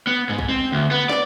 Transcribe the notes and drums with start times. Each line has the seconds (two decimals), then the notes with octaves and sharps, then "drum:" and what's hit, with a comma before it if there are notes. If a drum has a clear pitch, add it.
0.07 B3
0.29 G#2
0.39 drum: kick
0.49 C4
0.72 D2
0.91 B3
1.09 D5, drum: snare